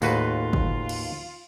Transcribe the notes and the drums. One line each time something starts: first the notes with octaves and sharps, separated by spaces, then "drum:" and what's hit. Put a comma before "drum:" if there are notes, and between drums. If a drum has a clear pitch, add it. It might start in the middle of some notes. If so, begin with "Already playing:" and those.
D#2 A2 F4 F#4 B4, drum: tambourine
drum: kick
drum: cymbal